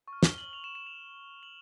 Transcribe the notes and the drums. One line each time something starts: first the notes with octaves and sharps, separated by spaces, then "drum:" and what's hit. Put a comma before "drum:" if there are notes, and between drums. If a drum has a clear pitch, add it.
C#6
F6
G7, drum: snare
F#7
F7
E7
E7
F7
F#7